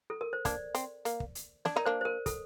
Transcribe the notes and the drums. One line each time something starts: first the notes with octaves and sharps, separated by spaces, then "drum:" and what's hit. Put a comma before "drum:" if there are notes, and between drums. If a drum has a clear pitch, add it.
A4
A#4
C5
A#3 D4 D5, drum: kick, hi-hat
C4, drum: hi-hat
A#3, drum: hi-hat
drum: kick
drum: hi-hat
D4 D5, drum: snare
D#4 A#4
A#3 D4 C5
C5
A#4
A4, drum: kick, hi-hat